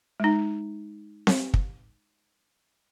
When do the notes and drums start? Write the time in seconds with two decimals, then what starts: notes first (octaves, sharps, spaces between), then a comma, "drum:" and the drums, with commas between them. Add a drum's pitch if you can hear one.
0.20 G#3 D#4
1.27 drum: snare C4
1.54 drum: kick